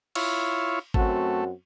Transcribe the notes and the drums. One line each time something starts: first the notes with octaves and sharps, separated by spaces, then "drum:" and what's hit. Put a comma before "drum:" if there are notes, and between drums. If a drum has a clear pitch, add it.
E4 F4 C#5, drum: cymbal
F#2 A3 C4 F#4, drum: kick G#1